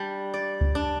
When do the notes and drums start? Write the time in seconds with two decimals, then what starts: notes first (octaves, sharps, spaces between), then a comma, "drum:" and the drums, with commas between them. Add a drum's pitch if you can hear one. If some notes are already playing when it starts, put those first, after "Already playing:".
Already playing: G3 D4
0.34 D5
0.61 drum: kick C#2
0.75 D4